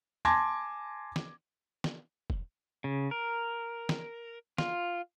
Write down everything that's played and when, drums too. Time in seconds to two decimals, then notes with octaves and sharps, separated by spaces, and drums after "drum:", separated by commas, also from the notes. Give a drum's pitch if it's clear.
0.25 G#5 A5 C6 D6 G#6 A#6
1.16 drum: snare
1.84 drum: snare
2.30 drum: kick
2.84 C#3
3.11 A#4
3.89 drum: snare
4.58 F4, drum: snare